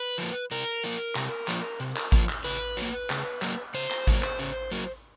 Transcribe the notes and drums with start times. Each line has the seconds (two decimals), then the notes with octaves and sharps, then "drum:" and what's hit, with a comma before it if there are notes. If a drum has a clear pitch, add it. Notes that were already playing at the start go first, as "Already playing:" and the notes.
Already playing: B4
0.18 F3 A#3
0.51 C3 A#4, drum: hi-hat
0.84 F3 A#3, drum: hi-hat
1.15 C3, drum: clap
1.48 F3 A#3, drum: clap
1.80 C3, drum: hi-hat
1.96 drum: clap
2.12 F3 A#3, drum: kick G#1, hi-hat
2.29 drum: clap
2.44 C#3 B4, drum: hi-hat
2.77 F#3 A#3, drum: hi-hat
3.10 C#3, drum: clap
3.42 F#3 A#3, drum: clap
3.74 C#3 C5, drum: hi-hat
3.91 drum: clap
4.07 F#3 A#3, drum: kick G#1, hi-hat
4.23 drum: clap
4.39 C#3, drum: hi-hat
4.72 F#3 A#3, drum: hi-hat